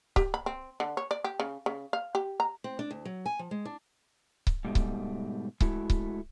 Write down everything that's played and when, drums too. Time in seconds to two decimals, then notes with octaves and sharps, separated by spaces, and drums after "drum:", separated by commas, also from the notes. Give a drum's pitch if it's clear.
0.16 G4, drum: kick C#1
0.34 B5
0.46 C4
0.80 D3
0.97 C#5
1.11 D5
1.24 G4
1.40 C#3
1.66 C#3
1.93 F5
2.15 G4
2.40 A#5
2.64 C4
2.79 D4
2.91 D2
3.05 F#3
3.26 G#5
3.39 F3
3.51 G#3
3.65 D4
4.47 drum: kick C#1
4.65 G#2 B2 G3 A3
4.75 drum: kick C#1
5.61 G#3 A3 E4 F#4, drum: kick C#1
5.90 drum: kick C#1